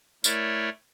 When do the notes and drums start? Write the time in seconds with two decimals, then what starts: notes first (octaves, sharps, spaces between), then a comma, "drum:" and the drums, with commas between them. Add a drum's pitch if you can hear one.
0.24 A3 E4 A#4 C#5 D5, drum: tambourine